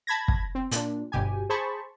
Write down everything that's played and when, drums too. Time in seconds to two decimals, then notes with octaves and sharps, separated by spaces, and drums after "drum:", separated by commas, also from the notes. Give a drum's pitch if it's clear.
0.07 A5 B5 G#6 A#6
0.28 drum: kick
0.55 C4
0.71 A#2 D4, drum: hi-hat
1.12 G1 B2 G4 G#5
1.49 G#4 C5 A5 B5 C#6